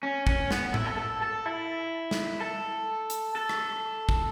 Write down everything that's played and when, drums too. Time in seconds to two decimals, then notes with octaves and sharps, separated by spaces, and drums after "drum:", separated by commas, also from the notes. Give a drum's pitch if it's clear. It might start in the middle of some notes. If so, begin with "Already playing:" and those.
0.03 C#4
0.27 C#4, drum: kick
0.51 B3, drum: snare
0.74 E4, drum: tom A2
0.86 A4
0.98 A4
1.22 A4
1.46 E4
2.11 drum: snare
2.41 A4
3.10 drum: hi-hat
3.36 A4
3.49 drum: rim click
4.09 drum: kick